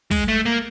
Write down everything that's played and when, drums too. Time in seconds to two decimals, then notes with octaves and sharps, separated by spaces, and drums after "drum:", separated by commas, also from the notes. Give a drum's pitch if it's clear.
0.11 G#3, drum: kick, open hi-hat
0.28 A3
0.45 A#3